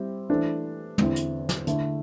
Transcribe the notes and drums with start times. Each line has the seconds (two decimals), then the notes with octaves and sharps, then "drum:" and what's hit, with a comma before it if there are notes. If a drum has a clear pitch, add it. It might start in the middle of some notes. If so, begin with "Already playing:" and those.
Already playing: G3 C4 E4 G4
0.29 E3 A3 D4 A4 C5
0.98 E2 D3 C4 E4, drum: tom
1.16 drum: hi-hat
1.49 drum: snare
1.67 D3 A3 E4, drum: hi-hat